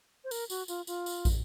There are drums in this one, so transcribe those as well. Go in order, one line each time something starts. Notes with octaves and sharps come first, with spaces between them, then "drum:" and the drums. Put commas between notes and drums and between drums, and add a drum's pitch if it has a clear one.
C5
A#4, drum: tambourine
F#4, drum: tambourine
F4, drum: tambourine
F4, drum: tambourine
drum: tambourine
drum: kick, tambourine